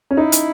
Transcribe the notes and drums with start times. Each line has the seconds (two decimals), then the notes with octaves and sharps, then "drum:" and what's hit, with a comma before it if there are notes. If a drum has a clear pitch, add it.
0.11 C#4
0.17 D#4 E4
0.32 drum: hi-hat